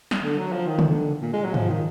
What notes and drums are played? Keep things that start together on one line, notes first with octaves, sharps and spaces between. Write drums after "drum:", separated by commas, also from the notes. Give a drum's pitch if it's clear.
drum: snare
D3
F#3
F3
D#3
drum: tom
D3
A#2
G#3
F#3
F3, drum: tom
D#3